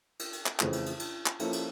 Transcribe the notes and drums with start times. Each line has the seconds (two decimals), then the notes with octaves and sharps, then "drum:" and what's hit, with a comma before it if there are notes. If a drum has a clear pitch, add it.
0.19 drum: cymbal
0.33 drum: cymbal
0.46 drum: clap
0.59 F2 C#3 E3 A3, drum: clap
0.73 drum: cymbal
0.86 drum: cymbal
0.99 drum: cymbal
1.26 drum: clap
1.40 F3 A#3 C#4 E4 A4, drum: cymbal
1.53 drum: cymbal